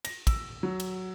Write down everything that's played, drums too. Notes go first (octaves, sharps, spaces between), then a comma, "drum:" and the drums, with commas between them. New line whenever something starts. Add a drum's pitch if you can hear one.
A#6, drum: cymbal
E6, drum: kick, cymbal
F#3
drum: cymbal